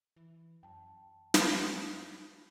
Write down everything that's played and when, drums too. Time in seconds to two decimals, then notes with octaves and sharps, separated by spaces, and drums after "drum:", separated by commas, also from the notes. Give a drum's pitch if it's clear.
0.17 E3
0.63 F#2 G5 A5
1.34 drum: snare
1.55 B5